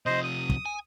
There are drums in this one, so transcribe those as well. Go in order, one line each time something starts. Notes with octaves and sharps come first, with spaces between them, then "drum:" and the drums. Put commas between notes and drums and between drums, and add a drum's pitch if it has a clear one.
C3 F3 C5 D#5
D#6
drum: kick
G#5